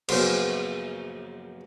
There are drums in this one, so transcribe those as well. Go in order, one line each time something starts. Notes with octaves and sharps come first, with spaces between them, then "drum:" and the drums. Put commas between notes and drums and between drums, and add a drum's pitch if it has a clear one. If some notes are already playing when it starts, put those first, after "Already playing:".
A#1 F#2 C#3 F#3 B3 C5, drum: cymbal